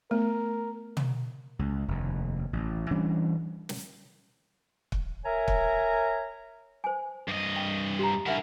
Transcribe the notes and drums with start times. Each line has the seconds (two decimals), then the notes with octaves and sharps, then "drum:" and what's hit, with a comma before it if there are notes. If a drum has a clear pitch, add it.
0.11 A3 B3 A#4
0.97 drum: tom
1.59 C#2
1.88 F1 D#2
2.53 A1
2.91 E3 G3 C#4 D4
3.69 drum: snare
4.92 drum: kick
5.25 A#4 C#5 E5 G#5 A#5
5.48 drum: kick
6.84 C5 G#5
7.28 G2 D#5
7.56 G5
7.99 G4 A#5
8.26 D4 E4 A#4 E5 F#5